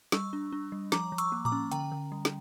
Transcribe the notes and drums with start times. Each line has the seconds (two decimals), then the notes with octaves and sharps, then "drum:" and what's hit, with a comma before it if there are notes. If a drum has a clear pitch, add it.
0.12 G3 C#6 E6, drum: snare
0.33 D4
0.52 D4
0.72 G3
0.92 F3 A#5 D6, drum: snare
1.12 F3
1.18 C#6 E6, drum: hi-hat
1.32 A#3
1.45 A#5 D6, drum: tom A2
1.52 C#4
1.71 D3 G5 A#5, drum: hi-hat
1.92 D3
2.12 G3
2.25 drum: snare